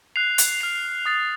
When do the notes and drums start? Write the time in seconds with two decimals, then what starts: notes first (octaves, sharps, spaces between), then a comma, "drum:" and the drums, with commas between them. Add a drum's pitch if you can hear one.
0.16 F#6 C7 F7
0.38 drum: hi-hat
0.60 F6 C7 F7
1.06 D#6 A6 C7